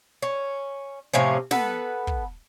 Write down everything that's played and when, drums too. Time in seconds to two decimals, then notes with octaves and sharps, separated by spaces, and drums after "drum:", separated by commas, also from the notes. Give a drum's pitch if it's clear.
0.22 C#4
1.13 A2 C3 F3 C#4
1.51 B3 A4 B4, drum: snare
2.07 drum: kick